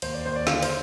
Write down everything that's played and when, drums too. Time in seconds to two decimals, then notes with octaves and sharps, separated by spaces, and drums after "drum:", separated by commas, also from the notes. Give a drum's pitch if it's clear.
0.02 D#2 C5, drum: cymbal
0.14 D5
0.25 D#2 C5
0.36 D5
0.47 D3 F5, drum: snare
0.63 C5, drum: cymbal